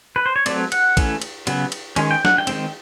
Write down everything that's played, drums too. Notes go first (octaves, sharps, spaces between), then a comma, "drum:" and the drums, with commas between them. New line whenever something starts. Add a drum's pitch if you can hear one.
B4
C5
C#5
F#3 A3 C4 D5, drum: cymbal
F#5, drum: cymbal
E3 A3 C#4, drum: kick A#1, cymbal
drum: cymbal
C#3 F#3 B3, drum: cymbal
drum: cymbal
D#3 G#3 C#4, drum: cymbal
G5
F#5, drum: snare
G5
D#3 G#3 C4, drum: cymbal